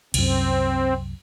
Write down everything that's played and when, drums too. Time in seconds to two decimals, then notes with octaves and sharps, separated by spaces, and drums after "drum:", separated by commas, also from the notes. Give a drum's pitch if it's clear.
0.14 C2 F#2 C4, drum: cymbal